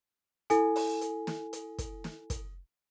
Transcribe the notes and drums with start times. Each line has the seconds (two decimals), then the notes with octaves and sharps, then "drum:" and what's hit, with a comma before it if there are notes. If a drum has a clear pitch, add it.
0.50 E4 A4 G#5, drum: hi-hat
0.76 drum: open hi-hat
1.01 drum: hi-hat
1.27 drum: snare
1.53 drum: hi-hat
1.78 drum: kick, hi-hat
2.04 drum: snare
2.30 drum: kick, hi-hat